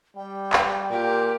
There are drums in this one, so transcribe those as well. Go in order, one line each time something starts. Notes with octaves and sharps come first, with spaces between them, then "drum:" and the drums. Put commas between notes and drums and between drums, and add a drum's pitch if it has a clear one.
G3 G5
drum: clap
A#2 G4 A#4